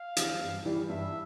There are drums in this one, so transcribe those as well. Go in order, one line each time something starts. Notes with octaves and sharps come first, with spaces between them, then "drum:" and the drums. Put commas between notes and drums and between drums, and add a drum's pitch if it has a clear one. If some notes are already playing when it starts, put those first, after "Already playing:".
Already playing: F5
E3 G3, drum: hi-hat
G2
E3 G3
G2 E5